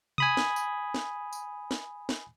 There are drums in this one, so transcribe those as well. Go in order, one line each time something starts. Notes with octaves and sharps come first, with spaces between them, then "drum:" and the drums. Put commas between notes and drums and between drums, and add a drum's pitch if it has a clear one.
G#5 B5 D#6, drum: tom C3
drum: snare
drum: tambourine
drum: snare
drum: tambourine
drum: snare
drum: snare